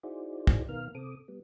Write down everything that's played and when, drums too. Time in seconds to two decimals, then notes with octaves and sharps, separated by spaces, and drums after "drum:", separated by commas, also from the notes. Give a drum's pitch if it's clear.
0.03 D#4 E4 F#4 G#4 C5 D5
0.47 drum: kick
0.69 B2 D#3 B3 A#4 F5 F6
0.95 C3 C4 A4 D6 D#6
1.28 G3 B3